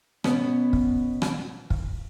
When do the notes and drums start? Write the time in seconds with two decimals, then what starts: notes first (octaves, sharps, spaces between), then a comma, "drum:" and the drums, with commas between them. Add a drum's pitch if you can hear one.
0.24 B2 B3 C#4, drum: rim click
0.73 drum: kick
1.22 drum: rim click
1.70 drum: kick